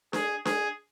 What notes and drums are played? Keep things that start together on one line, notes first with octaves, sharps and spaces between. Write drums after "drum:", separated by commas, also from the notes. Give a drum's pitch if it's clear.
G#4, drum: snare D4
G#4, drum: snare D4